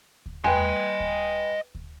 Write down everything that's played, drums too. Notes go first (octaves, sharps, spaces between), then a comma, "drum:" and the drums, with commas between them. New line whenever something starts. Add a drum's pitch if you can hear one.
drum: kick D2
B4 D#5 G5 G#5 C6, drum: tom E2
drum: kick D2
drum: kick D2